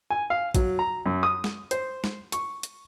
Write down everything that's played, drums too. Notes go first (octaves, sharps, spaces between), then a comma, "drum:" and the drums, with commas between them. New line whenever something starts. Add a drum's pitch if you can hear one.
G#5
F5
F#3, drum: kick, hi-hat
A#5
F#2
D#6
drum: snare
C5, drum: hi-hat
drum: snare
C#6, drum: hi-hat
drum: hi-hat